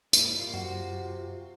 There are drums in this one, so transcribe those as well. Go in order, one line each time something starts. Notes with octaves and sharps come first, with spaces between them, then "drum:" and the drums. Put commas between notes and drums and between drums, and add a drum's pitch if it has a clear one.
G#2 G3 A#3 E4, drum: tambourine
F4
F#2 C3 F#4